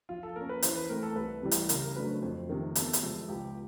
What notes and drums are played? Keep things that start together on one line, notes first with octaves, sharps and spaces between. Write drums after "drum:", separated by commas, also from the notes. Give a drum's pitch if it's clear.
F3 F4
A4
A#3 C#4 A#4
B4
E3 C5, drum: hi-hat
B4
A3 C4 A#4
A4
C2 B4
C3 E3 G3
drum: hi-hat
C#3 A#4, drum: hi-hat
A#4
F#3 A3 D4 B4
C5
F2 C5
C3 D#3 A#4
E2 A4, drum: hi-hat
drum: hi-hat
C3 F3 G#3
C#2 G4